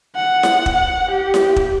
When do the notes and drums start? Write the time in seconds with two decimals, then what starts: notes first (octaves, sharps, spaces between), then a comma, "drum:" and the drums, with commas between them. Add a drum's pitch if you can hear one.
0.16 F#5
0.43 drum: snare E4
0.66 drum: kick E1
1.11 G4
1.34 drum: snare E4
1.56 drum: kick E1